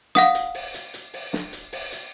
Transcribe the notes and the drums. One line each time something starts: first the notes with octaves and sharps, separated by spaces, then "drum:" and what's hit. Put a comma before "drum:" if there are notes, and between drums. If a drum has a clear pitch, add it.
F5 F#5 D#6, drum: snare
drum: hi-hat
drum: open hi-hat
drum: hi-hat
drum: hi-hat
drum: open hi-hat
drum: snare
drum: hi-hat
drum: open hi-hat
drum: hi-hat